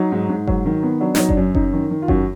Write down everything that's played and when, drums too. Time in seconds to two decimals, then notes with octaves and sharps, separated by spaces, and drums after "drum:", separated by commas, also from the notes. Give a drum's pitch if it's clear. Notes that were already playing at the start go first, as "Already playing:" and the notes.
Already playing: F#3 D#4
0.12 G#2
0.30 G#2
0.47 F#3, drum: kick F#1
0.65 D#3
0.83 B3
1.01 F#3 D4
1.15 F#3 D#4, drum: snare
1.29 D4, drum: kick F#1
1.37 F#2
1.55 F#2 D#4, drum: kick F#1
1.73 D#3
1.91 D#3
2.02 F4
2.08 F#2 F#4, drum: kick F#1